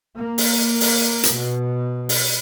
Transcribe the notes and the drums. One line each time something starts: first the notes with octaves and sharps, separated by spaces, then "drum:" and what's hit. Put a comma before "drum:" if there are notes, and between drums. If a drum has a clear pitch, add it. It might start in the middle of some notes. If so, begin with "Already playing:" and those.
A#3
drum: open hi-hat
drum: open hi-hat
drum: hi-hat
B2
drum: open hi-hat